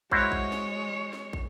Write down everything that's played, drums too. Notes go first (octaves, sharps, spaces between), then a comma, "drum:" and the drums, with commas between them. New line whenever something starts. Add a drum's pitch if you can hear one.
G#3 E4 F#4 C5 C#5, drum: kick
drum: kick
drum: snare
drum: snare
drum: kick